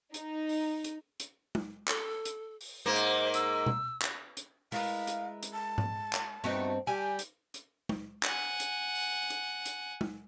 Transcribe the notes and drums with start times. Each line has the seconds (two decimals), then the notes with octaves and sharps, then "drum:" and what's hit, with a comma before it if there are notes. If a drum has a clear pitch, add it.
0.14 D#4, drum: hi-hat
0.49 drum: open hi-hat
0.84 drum: hi-hat
1.20 drum: hi-hat
1.55 drum: tom
1.88 A4, drum: clap
2.25 drum: hi-hat
2.61 drum: open hi-hat
2.86 G#2 A#3 C5
2.96 drum: hi-hat
3.34 E6, drum: hi-hat
3.66 drum: tom B2
4.02 drum: clap
4.37 drum: hi-hat
4.72 G#3 E4 A#4 B4 F5, drum: open hi-hat
5.07 drum: hi-hat
5.43 drum: hi-hat
5.53 A5
5.78 drum: tom G#2
6.13 drum: clap
6.44 G2 A3 B3 C4 D#4 F#4
6.87 G3 G4 G#5
7.19 drum: hi-hat
7.54 drum: hi-hat
7.89 drum: tom
8.23 F#5 G#5, drum: clap
8.60 drum: hi-hat
8.95 drum: open hi-hat
9.30 drum: hi-hat
9.66 drum: hi-hat
10.01 drum: tom